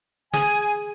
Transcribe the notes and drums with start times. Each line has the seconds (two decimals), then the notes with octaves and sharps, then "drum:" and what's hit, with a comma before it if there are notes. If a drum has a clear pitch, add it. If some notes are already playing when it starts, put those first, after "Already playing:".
0.34 G#4 G#5, drum: snare